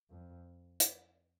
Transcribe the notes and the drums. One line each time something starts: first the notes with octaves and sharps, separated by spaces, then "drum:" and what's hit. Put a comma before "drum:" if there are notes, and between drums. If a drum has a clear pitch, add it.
F2
drum: hi-hat